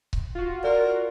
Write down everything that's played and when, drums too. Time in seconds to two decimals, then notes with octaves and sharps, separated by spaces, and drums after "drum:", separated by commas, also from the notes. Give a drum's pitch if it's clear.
0.13 drum: kick C#1
0.35 F4 F#4
0.64 A#4 D5